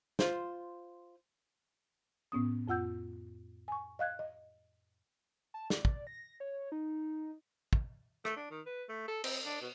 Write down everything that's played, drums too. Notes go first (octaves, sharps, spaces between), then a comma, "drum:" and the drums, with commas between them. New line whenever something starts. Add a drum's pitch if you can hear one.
F4 C5, drum: snare
A2 B3 C#4 D#6
F2 F4 F#5 E6 G6
G#5 C#6
D#5 F5 F#6 G#6
D#5
A5
D5, drum: snare
D5, drum: kick
A#6
C#5
D#4
drum: kick
A3, drum: rim click
D4
D#3
B4
A3
A4
C4, drum: cymbal
D4
B2